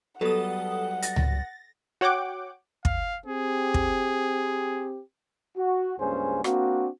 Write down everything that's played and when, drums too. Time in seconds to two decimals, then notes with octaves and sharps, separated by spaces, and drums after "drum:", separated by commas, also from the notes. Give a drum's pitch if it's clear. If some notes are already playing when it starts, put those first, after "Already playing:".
0.21 F#3 G3 B3 A4 F#5 D#6
1.02 A6 A#6, drum: hi-hat
1.16 drum: tom C#2
2.01 F#4 C#5 F#5 G5 D6
2.85 F5, drum: kick
3.26 C4 G4 G#4
3.74 drum: kick
5.57 F#4
5.99 C#2 G2 A#3 C#4 G#4 C5
6.44 A#3 C4 D4 F#4, drum: rim click